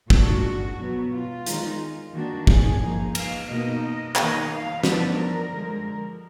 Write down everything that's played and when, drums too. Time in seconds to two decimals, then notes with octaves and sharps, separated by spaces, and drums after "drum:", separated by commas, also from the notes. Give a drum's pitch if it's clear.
0.10 A#2 G#3 D4 F#4, drum: kick
0.78 B2 F#3 B3
1.12 F4
1.46 D#3 G#3 D#4, drum: hi-hat
2.14 D#3 A#3 D4 F#4
2.47 G#4, drum: kick
2.80 F3 A#3 D#4
3.15 F5, drum: cymbal
3.48 B2 A#3 D#4 D#5
3.83 D#5
4.16 D#3 A#3 D#4 D#5, drum: clap
4.50 F5
4.84 F3 B3 D4 B4, drum: snare
5.18 A#4
5.51 D3 F3 G#3